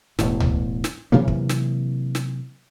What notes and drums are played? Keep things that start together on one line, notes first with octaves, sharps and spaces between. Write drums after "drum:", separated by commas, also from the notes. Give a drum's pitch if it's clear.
E1 A1 A2, drum: snare
drum: tom C#2
drum: snare
C3 E3 F#3 A#3
drum: kick
drum: snare
drum: snare